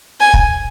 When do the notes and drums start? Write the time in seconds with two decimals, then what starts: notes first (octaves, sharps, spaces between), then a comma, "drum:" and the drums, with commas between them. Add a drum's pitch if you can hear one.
0.20 G#5
0.34 drum: kick